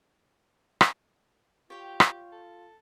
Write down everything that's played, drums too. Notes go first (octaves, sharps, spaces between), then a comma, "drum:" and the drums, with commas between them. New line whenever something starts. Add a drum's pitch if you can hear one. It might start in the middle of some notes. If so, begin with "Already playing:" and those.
drum: rim click
F4 G4 C#5 G5
drum: rim click
A4